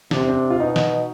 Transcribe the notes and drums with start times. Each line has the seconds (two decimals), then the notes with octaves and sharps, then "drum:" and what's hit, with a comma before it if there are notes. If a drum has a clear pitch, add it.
0.11 C3 D4, drum: snare
0.20 C4
0.28 D4
0.50 F4
0.60 B2 D#4
0.76 drum: snare